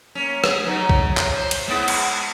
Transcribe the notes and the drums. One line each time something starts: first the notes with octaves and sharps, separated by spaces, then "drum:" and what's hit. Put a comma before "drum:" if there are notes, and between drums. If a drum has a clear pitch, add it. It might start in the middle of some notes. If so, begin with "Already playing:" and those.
A#3 C#4
B3 G#4, drum: rim click
C#3 F#3 D#4
drum: kick B1
drum: clap
C5
drum: cymbal
G#3 B3 E4
drum: cymbal